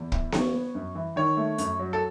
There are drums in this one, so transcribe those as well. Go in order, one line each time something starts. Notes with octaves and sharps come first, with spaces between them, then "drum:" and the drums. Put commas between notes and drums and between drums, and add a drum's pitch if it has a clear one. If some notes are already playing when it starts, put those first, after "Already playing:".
Already playing: E2
E3, drum: kick
C#3 C#5, drum: snare B3
B3
F#2
E3
D#3 C#5
A3
F#2, drum: hi-hat
F#3
A4